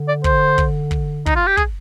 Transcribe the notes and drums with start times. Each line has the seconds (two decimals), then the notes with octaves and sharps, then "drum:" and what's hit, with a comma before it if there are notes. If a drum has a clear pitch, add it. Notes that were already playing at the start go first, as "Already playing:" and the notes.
Already playing: D3
0.08 D5
0.24 C5, drum: kick
0.58 drum: kick
0.91 drum: kick
1.26 D#4, drum: kick
1.36 F4
1.47 G4
1.57 G#4, drum: kick